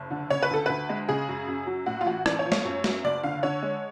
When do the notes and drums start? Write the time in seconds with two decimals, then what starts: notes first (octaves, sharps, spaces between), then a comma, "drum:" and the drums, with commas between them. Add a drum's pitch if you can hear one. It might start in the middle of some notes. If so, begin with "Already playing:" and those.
Already playing: F#1
0.10 D3
0.30 C#3 C#5
0.42 B4
0.50 D2 A4
0.66 D2 B4
0.89 G#3
1.09 C#3 G#4
1.28 F#2
1.48 F#2
1.67 F#3
1.86 A2 F#4
2.01 F4
2.06 A1 F#4
2.26 A1 D5, drum: rim click
2.39 C#5
2.46 F3
2.52 C#5, drum: snare
2.65 F#2
2.84 F#3, drum: snare
3.04 F#1 D5
3.23 D3 F5
3.43 D3 C#5
3.62 G#3